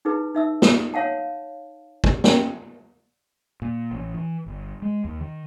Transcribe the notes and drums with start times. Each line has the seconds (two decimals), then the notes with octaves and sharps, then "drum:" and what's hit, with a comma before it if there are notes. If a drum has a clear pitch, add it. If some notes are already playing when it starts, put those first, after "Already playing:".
0.05 D#4 E4 G#4 B4
0.35 D#4 E5 E6
0.62 drum: snare
0.94 C#5 F5 F#5 A5
2.04 drum: kick
2.24 C#4, drum: snare
3.62 A#2
3.91 A1
4.14 E3
4.46 G1
4.82 G#3
5.05 D#2
5.21 D#3